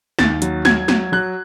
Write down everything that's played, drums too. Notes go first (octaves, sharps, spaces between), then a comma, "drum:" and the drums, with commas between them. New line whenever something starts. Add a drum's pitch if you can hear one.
D#2 A6, drum: snare
F#3, drum: hi-hat
F#3 G#6, drum: snare
F#3, drum: snare
F#3 F#6